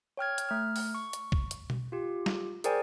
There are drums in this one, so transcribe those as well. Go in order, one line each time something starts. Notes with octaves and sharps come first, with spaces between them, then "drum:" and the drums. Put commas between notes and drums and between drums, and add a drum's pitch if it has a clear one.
C#5 G5 F6 G#6
drum: hi-hat
A3 F6
drum: open hi-hat
C#6
drum: hi-hat
drum: kick
drum: hi-hat
drum: tom B2
F4 G4
drum: snare
G#4 A#4 C5 D5 G5 G#5, drum: hi-hat